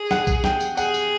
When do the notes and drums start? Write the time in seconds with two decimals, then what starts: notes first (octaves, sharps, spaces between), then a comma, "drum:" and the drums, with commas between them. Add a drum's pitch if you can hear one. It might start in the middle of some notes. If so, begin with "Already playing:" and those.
Already playing: G#4
0.11 F#5, drum: snare
0.27 drum: kick, tambourine
0.44 G5, drum: snare
0.60 drum: tambourine
0.77 G#4 F#5, drum: tambourine
0.94 drum: tambourine